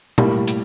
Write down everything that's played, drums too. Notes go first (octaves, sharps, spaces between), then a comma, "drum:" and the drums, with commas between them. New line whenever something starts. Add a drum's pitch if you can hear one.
A2 G3 A#3, drum: tom B2
drum: hi-hat